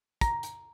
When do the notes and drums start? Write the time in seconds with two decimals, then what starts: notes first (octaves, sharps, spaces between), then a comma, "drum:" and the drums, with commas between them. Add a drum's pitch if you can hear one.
0.21 A#5, drum: kick, hi-hat
0.43 drum: hi-hat